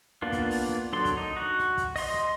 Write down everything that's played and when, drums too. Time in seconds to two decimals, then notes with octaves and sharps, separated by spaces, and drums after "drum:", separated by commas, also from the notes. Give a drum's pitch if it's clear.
0.22 A#3 B3 D4 F4
0.32 drum: kick, hi-hat
0.50 drum: open hi-hat
0.69 drum: snare
0.93 F#3 D4 A4 C6
1.05 drum: kick, hi-hat
1.17 D#4
1.37 F#4
1.59 drum: snare
1.77 drum: kick, hi-hat
1.96 D#5 C6, drum: open hi-hat
2.14 drum: snare